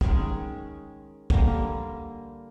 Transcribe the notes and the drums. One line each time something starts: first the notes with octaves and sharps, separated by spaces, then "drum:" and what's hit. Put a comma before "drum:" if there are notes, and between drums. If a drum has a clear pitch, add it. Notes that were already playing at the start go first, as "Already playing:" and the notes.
D#3 G#3 C#4, drum: kick
D3 G3 A#3, drum: kick